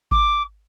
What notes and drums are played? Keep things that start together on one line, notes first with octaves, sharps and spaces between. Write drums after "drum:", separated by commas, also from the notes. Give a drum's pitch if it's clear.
D6, drum: kick G#1